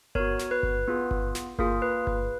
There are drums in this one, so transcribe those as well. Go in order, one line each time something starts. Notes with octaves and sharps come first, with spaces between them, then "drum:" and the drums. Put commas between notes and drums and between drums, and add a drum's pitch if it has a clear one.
B3 F#4 A#4 C#5, drum: kick G1
drum: snare
B4
drum: kick G1
B3 F4 G#4
drum: kick G1
drum: snare
A#3 F4 G#4 A#4, drum: kick G1
B4
B4, drum: kick G1